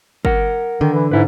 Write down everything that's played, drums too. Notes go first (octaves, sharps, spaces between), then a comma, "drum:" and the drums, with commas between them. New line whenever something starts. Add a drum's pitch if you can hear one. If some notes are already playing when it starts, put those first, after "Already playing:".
A#4 F#5, drum: kick G1
D3 D#3
E3
G#2 E4 B4